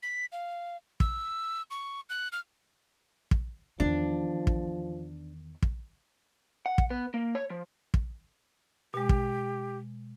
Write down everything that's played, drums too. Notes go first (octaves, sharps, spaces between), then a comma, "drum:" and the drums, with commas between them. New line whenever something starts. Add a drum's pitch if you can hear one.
B6
F5
E6, drum: kick
C#6
F#6
F6
drum: kick
E2 D#3 F3 D4
drum: kick
drum: kick
F#5
drum: kick
B3
A#3
C#5
F3
drum: kick
B2 G#3 G4
drum: kick